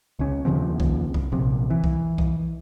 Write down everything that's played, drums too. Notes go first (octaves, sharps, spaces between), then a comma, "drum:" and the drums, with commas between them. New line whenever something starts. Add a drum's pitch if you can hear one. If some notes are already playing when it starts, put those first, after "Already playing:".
C#2 C#4
D#2 C#3 F3 C4
drum: kick B1
drum: kick B1
A#1 C3
E3
drum: kick B1
drum: kick B1